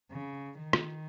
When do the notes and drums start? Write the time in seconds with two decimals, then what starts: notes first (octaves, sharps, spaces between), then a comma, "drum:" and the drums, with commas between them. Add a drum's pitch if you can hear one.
0.11 C#3
0.58 D#3
0.73 drum: rim click